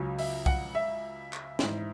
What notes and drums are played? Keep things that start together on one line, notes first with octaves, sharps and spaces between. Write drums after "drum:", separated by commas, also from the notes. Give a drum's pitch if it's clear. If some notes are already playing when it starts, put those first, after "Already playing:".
Already playing: C#2 C#3 F#3
E5, drum: open hi-hat
F#5, drum: kick C2
E5
drum: clap
G#2 E3, drum: snare